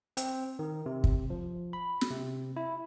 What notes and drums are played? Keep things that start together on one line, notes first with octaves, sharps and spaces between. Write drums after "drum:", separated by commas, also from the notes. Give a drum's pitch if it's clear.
C4, drum: hi-hat
D#3
C3
drum: kick
F3
B5
drum: snare
C3
E4